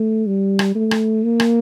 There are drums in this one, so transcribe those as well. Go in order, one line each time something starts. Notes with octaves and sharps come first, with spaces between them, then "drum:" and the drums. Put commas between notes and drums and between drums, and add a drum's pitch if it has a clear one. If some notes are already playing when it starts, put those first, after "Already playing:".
Already playing: A3
G3
drum: rim click
A3
drum: rim click
A#3
drum: rim click